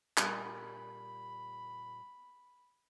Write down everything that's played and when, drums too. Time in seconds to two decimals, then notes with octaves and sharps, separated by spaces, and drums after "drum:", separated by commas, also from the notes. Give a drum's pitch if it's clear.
0.17 A#2 G3 A#4 B5, drum: clap